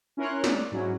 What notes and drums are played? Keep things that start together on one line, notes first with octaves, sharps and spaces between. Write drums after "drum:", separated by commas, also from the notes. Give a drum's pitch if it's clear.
C#4 E4 A#4 C#5 C6 F#6
D5, drum: snare
G#2 F#3 C#4 E4